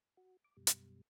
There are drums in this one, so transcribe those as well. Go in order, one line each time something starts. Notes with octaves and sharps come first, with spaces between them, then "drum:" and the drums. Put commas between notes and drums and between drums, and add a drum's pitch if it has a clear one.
F#4
D6
F#2 B2 G3
drum: hi-hat